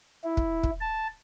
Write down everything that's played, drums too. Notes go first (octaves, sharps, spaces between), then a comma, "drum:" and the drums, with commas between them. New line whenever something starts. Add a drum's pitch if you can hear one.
E4
drum: kick
drum: kick
A5